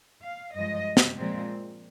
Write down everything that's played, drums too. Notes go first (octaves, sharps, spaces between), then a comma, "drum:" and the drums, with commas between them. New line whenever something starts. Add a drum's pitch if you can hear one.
F5
G2 F3 G#3 D#5
drum: snare
A#2 F3 G#3 C4